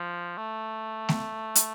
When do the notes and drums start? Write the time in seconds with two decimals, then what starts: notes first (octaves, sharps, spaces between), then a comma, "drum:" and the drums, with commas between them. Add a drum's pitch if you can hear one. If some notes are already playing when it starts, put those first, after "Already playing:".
Already playing: F3
0.38 A3
1.09 drum: snare A3
1.55 drum: hi-hat